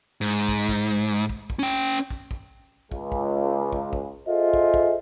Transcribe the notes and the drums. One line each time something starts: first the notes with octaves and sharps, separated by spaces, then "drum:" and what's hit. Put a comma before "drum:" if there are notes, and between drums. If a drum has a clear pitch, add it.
G#2
drum: kick
drum: kick
drum: kick
drum: kick
C#4 G5
drum: kick
drum: kick
C#2, drum: kick
drum: kick
drum: kick
drum: kick
F4 G#4 A4 C5 D#5 E5
drum: kick
drum: kick